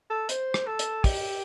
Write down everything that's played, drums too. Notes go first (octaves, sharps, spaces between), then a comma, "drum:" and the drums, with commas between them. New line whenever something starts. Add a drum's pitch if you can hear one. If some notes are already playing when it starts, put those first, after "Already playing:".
A4
C5, drum: hi-hat
drum: rim click
A4
drum: hi-hat
G4, drum: kick, open hi-hat